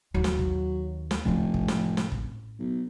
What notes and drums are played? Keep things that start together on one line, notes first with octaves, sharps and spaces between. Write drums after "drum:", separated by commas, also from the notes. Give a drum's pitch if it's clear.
D#2 D#3 F#3
drum: snare
drum: kick
drum: snare
F1 A2 C#4
drum: kick
drum: snare
drum: snare
drum: kick
B1